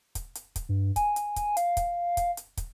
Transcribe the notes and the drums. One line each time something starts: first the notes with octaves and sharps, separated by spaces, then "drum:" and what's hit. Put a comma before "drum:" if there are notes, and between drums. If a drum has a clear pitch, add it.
drum: kick, hi-hat
drum: hi-hat
drum: kick, hi-hat
G2
G#5, drum: kick, hi-hat
drum: hi-hat
drum: kick, hi-hat
F5, drum: hi-hat
drum: kick, hi-hat
drum: kick, hi-hat
drum: hi-hat
drum: kick, hi-hat